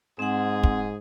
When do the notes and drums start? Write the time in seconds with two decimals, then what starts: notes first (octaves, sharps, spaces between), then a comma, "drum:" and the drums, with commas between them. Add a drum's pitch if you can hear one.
0.19 G#2 C4 G#4 F#5
0.64 drum: kick